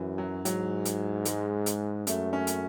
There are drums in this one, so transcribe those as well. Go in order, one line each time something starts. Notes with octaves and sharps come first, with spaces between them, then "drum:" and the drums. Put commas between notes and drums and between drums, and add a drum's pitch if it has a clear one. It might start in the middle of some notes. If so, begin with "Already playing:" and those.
Already playing: F#2 E3
F#3
G#2 F#3, drum: hi-hat
drum: hi-hat
G#3, drum: hi-hat
drum: hi-hat
F#2 A3, drum: hi-hat
C#4
drum: hi-hat